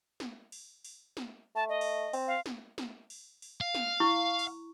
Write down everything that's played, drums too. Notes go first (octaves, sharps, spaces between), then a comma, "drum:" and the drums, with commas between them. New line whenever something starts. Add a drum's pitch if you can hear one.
drum: snare
drum: open hi-hat
drum: open hi-hat
drum: snare
A3 A5
D#5
drum: open hi-hat
C4, drum: open hi-hat
F5
drum: snare
drum: snare
drum: open hi-hat
drum: open hi-hat
F5
drum: snare
E4 C#6
drum: open hi-hat